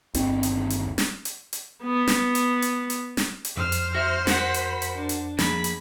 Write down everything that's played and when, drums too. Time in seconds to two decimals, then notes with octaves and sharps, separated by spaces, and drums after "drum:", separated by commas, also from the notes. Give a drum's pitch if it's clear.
0.14 G1 D#2 D#3 C4, drum: hi-hat
0.43 drum: hi-hat
0.70 drum: hi-hat
0.98 drum: snare
1.25 drum: hi-hat
1.53 drum: hi-hat
1.83 B3
2.07 drum: snare
2.35 drum: hi-hat
2.62 drum: hi-hat
2.90 drum: hi-hat
3.17 drum: snare
3.45 drum: hi-hat
3.57 F2 C5 F6
3.72 drum: hi-hat
3.95 F#4 E5 F6
4.27 F#4 A#4 F#5 F#6 B6, drum: snare
4.54 drum: hi-hat
4.64 B5
4.82 drum: hi-hat
4.97 D4
5.09 drum: hi-hat
5.39 F3 A#3 G#4 B5, drum: snare
5.64 drum: hi-hat